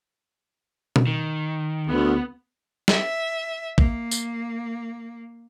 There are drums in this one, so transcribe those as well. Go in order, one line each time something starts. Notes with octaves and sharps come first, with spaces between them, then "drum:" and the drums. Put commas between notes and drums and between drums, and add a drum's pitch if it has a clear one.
drum: tom B2
D#3
D2 B3
E5, drum: snare
A#3, drum: kick A1
drum: tambourine